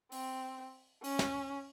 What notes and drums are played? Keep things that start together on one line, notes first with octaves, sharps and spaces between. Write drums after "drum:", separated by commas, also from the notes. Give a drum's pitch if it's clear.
C4, drum: open hi-hat
C#4, drum: open hi-hat
drum: snare